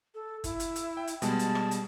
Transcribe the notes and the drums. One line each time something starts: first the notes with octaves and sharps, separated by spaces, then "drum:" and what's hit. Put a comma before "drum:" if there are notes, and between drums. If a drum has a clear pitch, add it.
A4
E4, drum: kick, hi-hat
drum: hi-hat
drum: hi-hat
G5
drum: hi-hat
B2 G3 G#3 A5, drum: hi-hat
drum: hi-hat
drum: rim click
drum: hi-hat